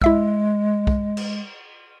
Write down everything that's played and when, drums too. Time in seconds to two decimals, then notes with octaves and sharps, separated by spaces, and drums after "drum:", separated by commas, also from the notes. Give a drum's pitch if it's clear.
0.02 G#3 E4 E5 E6, drum: kick
0.87 drum: kick
1.17 drum: cymbal